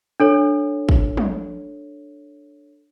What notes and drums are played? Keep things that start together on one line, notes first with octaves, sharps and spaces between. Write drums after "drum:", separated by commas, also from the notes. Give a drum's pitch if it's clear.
D4 A4 C#5
drum: kick
drum: tom